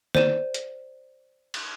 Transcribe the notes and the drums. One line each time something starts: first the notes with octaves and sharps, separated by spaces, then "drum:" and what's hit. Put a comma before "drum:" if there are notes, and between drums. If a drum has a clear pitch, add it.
C5 D5 D#7 E7, drum: snare
drum: hi-hat
drum: cymbal